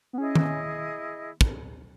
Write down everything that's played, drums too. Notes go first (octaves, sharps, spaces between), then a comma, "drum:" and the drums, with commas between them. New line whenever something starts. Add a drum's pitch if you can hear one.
B3
C#4 E4 G#4 D#5
drum: tom D#3
drum: kick